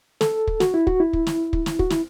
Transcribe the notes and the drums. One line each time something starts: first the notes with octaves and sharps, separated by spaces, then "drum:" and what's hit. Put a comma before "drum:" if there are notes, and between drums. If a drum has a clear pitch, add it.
A4, drum: snare
drum: kick
F#4, drum: snare
E4
F#4, drum: kick
E4
drum: kick
drum: snare
drum: kick
drum: snare
F#4, drum: kick
E4, drum: snare